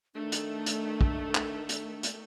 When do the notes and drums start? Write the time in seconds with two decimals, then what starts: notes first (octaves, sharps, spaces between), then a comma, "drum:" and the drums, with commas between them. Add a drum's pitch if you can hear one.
0.15 D#3 A3 D4
0.32 drum: hi-hat
0.66 drum: hi-hat
1.01 drum: kick
1.35 drum: clap
1.69 drum: hi-hat
2.03 drum: hi-hat